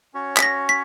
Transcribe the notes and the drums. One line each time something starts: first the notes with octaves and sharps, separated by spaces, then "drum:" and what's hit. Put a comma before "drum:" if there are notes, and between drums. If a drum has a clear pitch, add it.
C#4 F#4 C#5
B6, drum: clap
A#6
B6